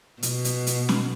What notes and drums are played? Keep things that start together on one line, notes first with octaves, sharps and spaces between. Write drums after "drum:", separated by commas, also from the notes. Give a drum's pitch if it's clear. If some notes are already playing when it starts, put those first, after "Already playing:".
B2, drum: hi-hat
drum: hi-hat
drum: hi-hat
drum: snare